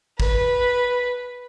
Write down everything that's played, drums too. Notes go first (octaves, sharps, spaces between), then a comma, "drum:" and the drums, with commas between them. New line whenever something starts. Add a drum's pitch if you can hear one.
B4, drum: kick